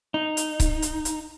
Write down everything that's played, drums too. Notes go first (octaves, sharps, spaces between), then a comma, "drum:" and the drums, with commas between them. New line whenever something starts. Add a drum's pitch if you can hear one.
D#4
drum: hi-hat
drum: kick C#1, hi-hat
drum: hi-hat
drum: hi-hat